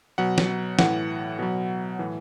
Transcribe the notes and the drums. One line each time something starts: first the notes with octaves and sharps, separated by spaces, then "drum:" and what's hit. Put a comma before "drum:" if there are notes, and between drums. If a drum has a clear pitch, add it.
B2 F#3 F#5
drum: snare
A2 E3 F#5, drum: snare
B2 F#3
A2 E3